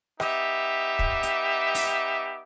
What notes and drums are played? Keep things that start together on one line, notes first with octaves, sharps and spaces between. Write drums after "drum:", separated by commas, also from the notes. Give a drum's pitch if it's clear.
B3 D#4 G4 E5, drum: rim click
drum: kick
drum: hi-hat
drum: open hi-hat